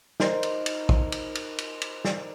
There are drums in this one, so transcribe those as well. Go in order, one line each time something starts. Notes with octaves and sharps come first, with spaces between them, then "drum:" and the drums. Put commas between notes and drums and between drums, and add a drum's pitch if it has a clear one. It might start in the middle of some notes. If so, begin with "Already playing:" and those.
D#4 A#4 C5, drum: snare
drum: cymbal
drum: cymbal
drum: kick
drum: cymbal
drum: cymbal
drum: cymbal
drum: cymbal
drum: snare